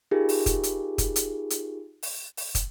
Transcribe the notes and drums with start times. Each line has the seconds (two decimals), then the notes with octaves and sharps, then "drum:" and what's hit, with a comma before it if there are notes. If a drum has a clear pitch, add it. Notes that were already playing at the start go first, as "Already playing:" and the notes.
0.11 D#4 F4 G4 G#4 A#4
0.29 drum: open hi-hat
0.46 drum: kick, hi-hat
0.63 drum: hi-hat
0.98 drum: kick, hi-hat
1.16 drum: hi-hat
1.50 drum: hi-hat
2.03 drum: open hi-hat
2.37 drum: open hi-hat
2.55 drum: kick, hi-hat